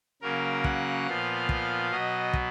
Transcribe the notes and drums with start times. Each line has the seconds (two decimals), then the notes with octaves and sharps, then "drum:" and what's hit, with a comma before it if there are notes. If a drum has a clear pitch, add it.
0.22 C#3 F#3 A#3 C#4 A#4
0.64 F#5, drum: kick
1.07 A#2 F3 B3 F5
1.49 drum: kick
1.91 B2 F#3 B3 D#5
2.33 drum: kick